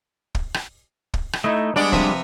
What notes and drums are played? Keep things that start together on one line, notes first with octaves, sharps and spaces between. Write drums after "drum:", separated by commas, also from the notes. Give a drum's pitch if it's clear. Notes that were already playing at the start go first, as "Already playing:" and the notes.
drum: kick
drum: rim click
drum: kick
drum: rim click
A3 D#4 E4 D#5
G3 G#3 B3 D4 D5
C3 F3 B4, drum: kick